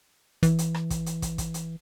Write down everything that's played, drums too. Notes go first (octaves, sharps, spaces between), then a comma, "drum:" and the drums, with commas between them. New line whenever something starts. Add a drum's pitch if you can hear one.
E3, drum: kick, hi-hat
drum: hi-hat
drum: rim click
drum: kick, hi-hat
drum: hi-hat
drum: kick, hi-hat
drum: kick, hi-hat
drum: hi-hat